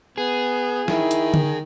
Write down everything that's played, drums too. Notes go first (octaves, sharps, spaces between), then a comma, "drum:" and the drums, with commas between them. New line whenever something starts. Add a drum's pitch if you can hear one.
B3 G#4
D#3 E4, drum: snare
drum: hi-hat
drum: tom D3